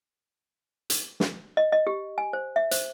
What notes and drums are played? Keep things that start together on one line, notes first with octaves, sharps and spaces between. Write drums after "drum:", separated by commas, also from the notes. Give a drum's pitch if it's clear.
drum: hi-hat
drum: snare
D#5
D#5
G4
G#5
C5
E5
C5, drum: hi-hat